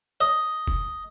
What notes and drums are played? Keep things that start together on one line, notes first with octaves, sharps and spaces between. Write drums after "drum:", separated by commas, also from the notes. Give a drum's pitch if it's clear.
D#5
drum: kick F1